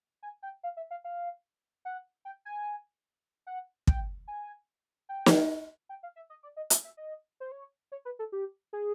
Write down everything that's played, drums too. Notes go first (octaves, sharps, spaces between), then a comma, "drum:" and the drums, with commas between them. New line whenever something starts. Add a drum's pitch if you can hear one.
G#5
G5
F5
E5
F5
F5
F#5
G5
G#5
F#5
G5, drum: kick
G#5
G5
drum: snare
G5
F5
E5
D#5
D5
D#5
E5, drum: hi-hat
E5
D#5
C5
C#5
C#5
B4
A4
G4
G#4